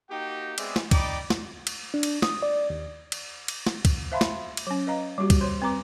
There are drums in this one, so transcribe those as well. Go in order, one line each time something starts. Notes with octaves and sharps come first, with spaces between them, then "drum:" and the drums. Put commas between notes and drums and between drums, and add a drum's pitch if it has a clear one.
A#3 D#4 F#4 G4 G5
G#3 B3 C4 G#4 D5 E5, drum: cymbal
drum: snare
D#4 D5 G5 B5 D6, drum: kick, cymbal
drum: snare
drum: cymbal
D4
drum: cymbal
D#6, drum: snare
D5
D#2
drum: cymbal
drum: cymbal
drum: snare
drum: kick, cymbal
C5 E5 F5 A5 B5 C6
drum: snare
drum: cymbal
F#3 C#4
B4 D#5 F5 A#5
G3 A#3 F#4 G4
drum: kick, cymbal
C5 C#5 C6
G3 C4 B4 A#5 D6